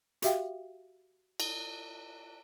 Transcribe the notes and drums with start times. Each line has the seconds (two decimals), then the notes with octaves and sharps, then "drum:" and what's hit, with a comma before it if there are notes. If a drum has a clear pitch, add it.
0.22 F#4 G4 E5 F5 G5, drum: hi-hat
1.40 drum: cymbal